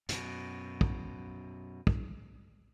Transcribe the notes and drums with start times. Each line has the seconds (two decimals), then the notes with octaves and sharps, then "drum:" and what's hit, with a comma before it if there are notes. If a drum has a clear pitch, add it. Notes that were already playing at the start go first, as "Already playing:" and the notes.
0.09 F#2 B2, drum: hi-hat
0.81 drum: kick
1.87 drum: kick